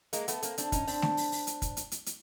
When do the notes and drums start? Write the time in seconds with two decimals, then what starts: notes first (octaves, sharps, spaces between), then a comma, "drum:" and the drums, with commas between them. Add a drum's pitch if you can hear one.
0.13 G#3 A#3, drum: hi-hat
0.28 A3 B3, drum: hi-hat
0.43 A#3 C4, drum: hi-hat
0.58 C4 D4, drum: hi-hat
0.72 C#4 D#4, drum: kick, hi-hat
0.87 C4 D4, drum: open hi-hat
1.02 drum: snare
1.17 drum: open hi-hat
1.32 drum: open hi-hat
1.47 drum: hi-hat
1.62 drum: kick, hi-hat
1.77 drum: hi-hat
1.92 drum: hi-hat
2.06 drum: hi-hat